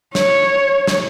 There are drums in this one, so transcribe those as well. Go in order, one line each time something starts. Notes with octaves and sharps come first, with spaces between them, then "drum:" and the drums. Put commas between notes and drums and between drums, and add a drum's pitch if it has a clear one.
C#5, drum: snare
drum: snare